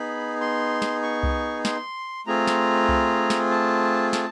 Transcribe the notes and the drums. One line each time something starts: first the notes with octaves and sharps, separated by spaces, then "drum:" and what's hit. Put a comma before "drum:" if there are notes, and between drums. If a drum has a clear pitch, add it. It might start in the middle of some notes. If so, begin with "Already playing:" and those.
Already playing: B3 D#4 G#4 B5
C6
drum: snare
C#6
drum: kick C2
C6, drum: snare
A3 C4 F4 G#4 A#5
drum: snare
drum: kick C2
drum: snare
A5
A5, drum: snare